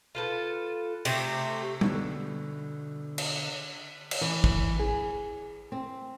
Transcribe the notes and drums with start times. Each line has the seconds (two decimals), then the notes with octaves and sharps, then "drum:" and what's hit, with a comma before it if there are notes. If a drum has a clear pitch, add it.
0.15 F4 A4 B4
1.05 C3 A3 G4, drum: cymbal
1.81 B2 D3, drum: tom
3.18 drum: cymbal
4.11 drum: cymbal
4.21 E3
4.44 drum: kick
4.79 G#4
5.72 C4